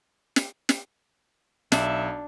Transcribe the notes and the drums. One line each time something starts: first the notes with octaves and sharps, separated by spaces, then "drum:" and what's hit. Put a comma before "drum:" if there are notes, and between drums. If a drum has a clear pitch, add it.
drum: snare
drum: snare
B1 D4 E5, drum: snare